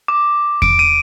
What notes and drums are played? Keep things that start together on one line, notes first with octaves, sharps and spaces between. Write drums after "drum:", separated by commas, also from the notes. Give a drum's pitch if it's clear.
D6
D7, drum: kick E2
D#7